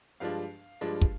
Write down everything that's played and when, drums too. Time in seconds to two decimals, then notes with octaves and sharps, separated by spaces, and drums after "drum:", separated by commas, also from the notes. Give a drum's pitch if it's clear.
0.20 G2 F3 G#3 D4 F5
0.81 G2 F3 G#3 D4
1.01 drum: kick